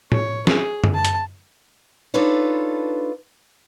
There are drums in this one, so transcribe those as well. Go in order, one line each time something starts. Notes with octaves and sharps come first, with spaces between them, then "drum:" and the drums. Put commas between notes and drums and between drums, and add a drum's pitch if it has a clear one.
C#5, drum: tom A2
G#4, drum: snare
drum: tom
A5
drum: hi-hat
D4 D#4 F4 A4 B4 C#5